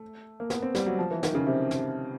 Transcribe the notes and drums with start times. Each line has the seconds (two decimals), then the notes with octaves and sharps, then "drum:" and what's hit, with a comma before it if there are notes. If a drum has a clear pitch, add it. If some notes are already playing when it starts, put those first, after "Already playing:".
Already playing: A3
0.40 A#3
0.50 B3, drum: snare
0.62 C4
0.75 G3, drum: snare
0.86 F#3
0.99 F3
1.11 E3
1.23 D#3, drum: snare
1.35 C#3
1.47 C3
1.71 drum: snare